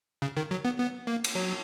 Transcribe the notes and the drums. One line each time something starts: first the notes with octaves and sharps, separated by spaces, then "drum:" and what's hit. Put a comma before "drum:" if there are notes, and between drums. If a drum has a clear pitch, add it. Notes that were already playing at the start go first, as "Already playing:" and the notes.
C#3
D#3
F#3
B3
B3
A#3
drum: cymbal
F#3